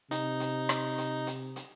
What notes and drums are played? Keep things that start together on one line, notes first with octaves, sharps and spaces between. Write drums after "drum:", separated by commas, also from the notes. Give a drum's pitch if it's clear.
C3 D#4, drum: hi-hat
drum: hi-hat
drum: rim click
drum: hi-hat
drum: hi-hat
drum: hi-hat